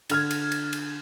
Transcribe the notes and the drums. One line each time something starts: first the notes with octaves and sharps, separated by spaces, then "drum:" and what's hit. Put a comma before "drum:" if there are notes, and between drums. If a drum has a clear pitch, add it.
D3 F6 G#6, drum: cymbal
drum: cymbal
drum: cymbal
drum: cymbal